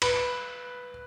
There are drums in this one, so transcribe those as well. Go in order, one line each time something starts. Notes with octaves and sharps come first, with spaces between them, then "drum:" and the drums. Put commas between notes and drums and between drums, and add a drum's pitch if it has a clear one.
B4, drum: cymbal